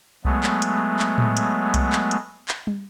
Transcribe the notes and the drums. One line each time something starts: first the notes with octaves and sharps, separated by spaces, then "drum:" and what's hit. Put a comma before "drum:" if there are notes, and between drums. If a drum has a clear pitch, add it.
F#3 G#3 A3 B3, drum: kick C2
drum: clap
drum: hi-hat
drum: clap
drum: tom A2
drum: hi-hat
drum: kick C2, hi-hat
drum: clap
drum: hi-hat
drum: clap
drum: tom